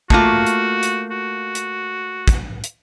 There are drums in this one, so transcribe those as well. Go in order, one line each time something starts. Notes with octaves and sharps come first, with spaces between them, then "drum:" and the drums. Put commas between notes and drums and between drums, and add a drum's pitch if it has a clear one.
A3 A#3 F4 F#4, drum: kick
drum: hi-hat
drum: hi-hat
F#4
drum: hi-hat
drum: kick, hi-hat
drum: hi-hat